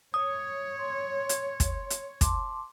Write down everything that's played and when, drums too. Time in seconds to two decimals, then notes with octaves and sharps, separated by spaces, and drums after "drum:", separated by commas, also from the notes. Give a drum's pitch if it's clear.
0.14 C#5 D#6
0.78 C6
1.29 drum: hi-hat
1.60 drum: kick, hi-hat
1.90 drum: hi-hat
2.21 A5 C6 D6, drum: kick, hi-hat